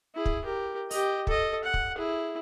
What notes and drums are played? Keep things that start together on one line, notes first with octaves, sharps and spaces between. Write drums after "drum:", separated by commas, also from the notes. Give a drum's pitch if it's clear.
E4 G#4
drum: kick
G4 A#4
G4 D#5, drum: open hi-hat
A4 D#5, drum: kick
F#5
drum: kick
E4 G#4